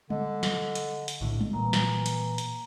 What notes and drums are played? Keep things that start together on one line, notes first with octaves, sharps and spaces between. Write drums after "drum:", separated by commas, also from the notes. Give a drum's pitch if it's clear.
D3 D#5, drum: tom G3
drum: snare
drum: hi-hat
drum: hi-hat
B1 A2 D3
drum: tom G3
A#2 E3 A#5
drum: snare
drum: hi-hat
drum: hi-hat